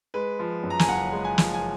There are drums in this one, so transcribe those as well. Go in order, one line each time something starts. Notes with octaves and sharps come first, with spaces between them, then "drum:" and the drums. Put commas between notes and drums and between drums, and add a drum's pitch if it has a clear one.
G#3 B4
F3
F#2
A#5
G#5, drum: snare
F#1 F#5
G#3
G#5
F3, drum: snare
G#5